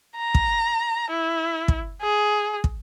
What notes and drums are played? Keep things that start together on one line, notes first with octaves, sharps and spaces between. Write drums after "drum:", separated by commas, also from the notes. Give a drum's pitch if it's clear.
A#5
drum: kick
E4
drum: kick
G#4
drum: kick